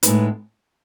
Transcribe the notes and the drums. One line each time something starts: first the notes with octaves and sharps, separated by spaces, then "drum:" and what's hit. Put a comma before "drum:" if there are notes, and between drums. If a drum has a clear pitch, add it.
A2 G#3 B3 D#4 B4, drum: hi-hat